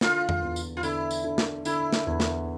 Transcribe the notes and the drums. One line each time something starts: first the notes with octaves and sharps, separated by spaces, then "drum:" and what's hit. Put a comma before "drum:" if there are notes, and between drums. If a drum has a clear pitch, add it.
D3 F4, drum: snare
drum: tom F2
E2
drum: tambourine
F4
D3 E4, drum: tambourine
drum: tambourine
D3
drum: snare
D3 E4, drum: tambourine
drum: snare
E2
drum: snare